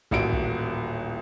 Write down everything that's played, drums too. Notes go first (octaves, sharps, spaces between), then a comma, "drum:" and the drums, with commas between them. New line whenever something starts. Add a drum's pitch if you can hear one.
D#1 A1 F#4 D7, drum: kick
drum: kick